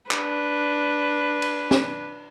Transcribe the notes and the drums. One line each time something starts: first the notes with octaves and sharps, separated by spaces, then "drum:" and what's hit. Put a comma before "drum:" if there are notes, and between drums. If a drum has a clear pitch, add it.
D4 B4, drum: clap
drum: cymbal
drum: snare